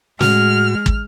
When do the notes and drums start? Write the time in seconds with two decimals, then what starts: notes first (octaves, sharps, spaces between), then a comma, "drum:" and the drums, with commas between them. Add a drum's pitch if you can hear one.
0.21 A2 G#3 F#4 F6, drum: snare
0.86 drum: kick